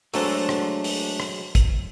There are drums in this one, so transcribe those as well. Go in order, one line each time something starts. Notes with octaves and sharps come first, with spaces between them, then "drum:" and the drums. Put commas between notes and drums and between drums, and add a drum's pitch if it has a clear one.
F#3 G#3 A3 D4 A4 C5, drum: open hi-hat
drum: rim click
drum: open hi-hat
drum: rim click
drum: kick, hi-hat